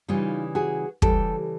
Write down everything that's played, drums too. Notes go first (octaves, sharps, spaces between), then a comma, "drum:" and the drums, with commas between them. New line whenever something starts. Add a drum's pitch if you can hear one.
C#3 E3 G3 D#4 F4
F#4 G#4
C#3 E3 G3 G4 A4, drum: kick